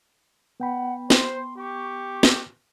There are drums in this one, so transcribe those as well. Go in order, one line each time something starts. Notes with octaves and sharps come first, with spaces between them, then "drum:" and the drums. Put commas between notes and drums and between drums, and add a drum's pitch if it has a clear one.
B3 F#5 G5 B5
C5 C6, drum: snare
G4 C#6
drum: snare